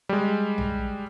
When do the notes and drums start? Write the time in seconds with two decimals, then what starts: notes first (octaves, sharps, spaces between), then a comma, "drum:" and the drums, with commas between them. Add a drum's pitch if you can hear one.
0.09 G3 G#3
0.58 drum: tom A#1